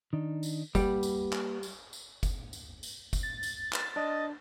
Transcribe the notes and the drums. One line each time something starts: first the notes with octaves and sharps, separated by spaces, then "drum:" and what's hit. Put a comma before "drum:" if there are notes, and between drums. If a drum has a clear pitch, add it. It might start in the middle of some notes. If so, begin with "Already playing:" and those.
D#3 D4 D#4
drum: tambourine
G3 A#3 B4 F#5, drum: kick F#1, tambourine
drum: tambourine
drum: clap
drum: tambourine
drum: tambourine
drum: kick F#1, tambourine
drum: tambourine
drum: tambourine
drum: kick F#1, tambourine
A6
drum: tambourine
drum: clap
D4 D#5